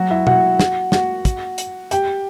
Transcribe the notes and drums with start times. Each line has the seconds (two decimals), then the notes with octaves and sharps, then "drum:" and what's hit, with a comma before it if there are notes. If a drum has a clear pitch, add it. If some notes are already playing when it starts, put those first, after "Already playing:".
Already playing: F#3 F#4
0.11 E4 E5
0.27 F#4 F#5, drum: tom
0.60 drum: snare
0.92 F#4 F#5, drum: snare
1.25 drum: kick, hi-hat
1.58 drum: hi-hat
1.91 G4 G5, drum: hi-hat